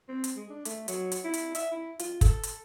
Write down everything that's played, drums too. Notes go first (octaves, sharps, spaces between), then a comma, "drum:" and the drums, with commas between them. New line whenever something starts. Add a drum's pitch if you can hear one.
C4
drum: hi-hat
G#3
D4
A3, drum: hi-hat
F#3, drum: hi-hat
drum: hi-hat
E4
drum: hi-hat
E5, drum: hi-hat
E4
F4, drum: hi-hat
A4, drum: kick, hi-hat
drum: hi-hat